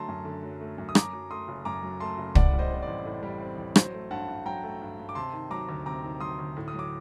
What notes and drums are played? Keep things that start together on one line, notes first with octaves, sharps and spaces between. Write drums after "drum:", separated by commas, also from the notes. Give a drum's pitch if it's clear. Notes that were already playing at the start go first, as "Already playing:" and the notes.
Already playing: D3 F#3 A3 A5 A#5 C6
F#2
D3
F#3
A3
F#2
D#6
F#2 A#5 D6, drum: rim click
F#3
A3 C6 D#6
F#1
F#2 A#5 D6
F#3
A3 A5 C6
F#1
A2 D5 F#5, drum: kick
G3
C5 D#5
C4 C5
D5
A1
A2
G3
C4
A1
F#3 C5, drum: rim click
A3
G2 F#5 A5
G2
F#3 G5 A#5
A3
G2
G2
D6
C3 A5 C6
D#3
F#3 A#5 D6
D2
C3 A#5 D6
D#3
F#3 C6 D#6
D2
A2
D#6
F#3 D6